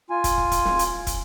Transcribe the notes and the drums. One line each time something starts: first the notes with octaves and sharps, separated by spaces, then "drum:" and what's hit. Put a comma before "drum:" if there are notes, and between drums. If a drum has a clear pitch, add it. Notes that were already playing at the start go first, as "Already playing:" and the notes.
F4 G#5
drum: kick, hi-hat
drum: kick
drum: kick, hi-hat
drum: snare
drum: hi-hat
drum: kick, hi-hat